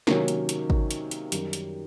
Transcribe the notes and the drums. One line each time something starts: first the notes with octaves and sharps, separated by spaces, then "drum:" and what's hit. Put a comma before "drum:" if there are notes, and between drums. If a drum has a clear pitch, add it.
C3 D#3 F#3 A#3 C#4, drum: snare
drum: hi-hat
drum: hi-hat
drum: kick G#1
drum: hi-hat
drum: hi-hat
F#2 D#3 G3, drum: hi-hat
drum: hi-hat